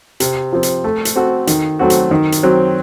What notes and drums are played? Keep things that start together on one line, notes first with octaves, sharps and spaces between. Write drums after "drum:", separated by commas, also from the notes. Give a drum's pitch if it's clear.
C3, drum: hi-hat
F3 C4
drum: hi-hat
A3
drum: hi-hat
C4 F#4 A4
D#3, drum: hi-hat
F#3 A3 C4 F#4
drum: hi-hat
D#3
drum: hi-hat
F#3 C4